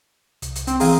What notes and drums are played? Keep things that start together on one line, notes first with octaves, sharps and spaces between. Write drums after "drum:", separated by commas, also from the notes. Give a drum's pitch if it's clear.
C2, drum: hi-hat
drum: hi-hat
C4, drum: hi-hat
E3 C4 G#4 F5 A#5, drum: open hi-hat